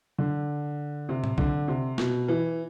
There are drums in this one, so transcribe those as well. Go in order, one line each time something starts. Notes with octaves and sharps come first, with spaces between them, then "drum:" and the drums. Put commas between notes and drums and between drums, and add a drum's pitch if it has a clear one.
D3
C3
drum: tom A2
D3, drum: kick B1
C3
B2, drum: snare
E3